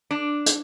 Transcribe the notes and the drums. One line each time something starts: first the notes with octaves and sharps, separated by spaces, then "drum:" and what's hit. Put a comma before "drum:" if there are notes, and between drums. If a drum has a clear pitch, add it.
D4
drum: hi-hat